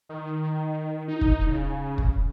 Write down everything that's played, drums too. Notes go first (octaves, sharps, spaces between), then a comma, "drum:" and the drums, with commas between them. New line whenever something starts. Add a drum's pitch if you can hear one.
D#3
D#4
drum: kick
C#3
drum: kick